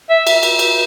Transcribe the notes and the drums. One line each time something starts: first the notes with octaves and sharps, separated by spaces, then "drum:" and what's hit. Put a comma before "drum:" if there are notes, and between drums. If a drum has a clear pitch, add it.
E5
drum: cymbal
drum: cymbal
drum: cymbal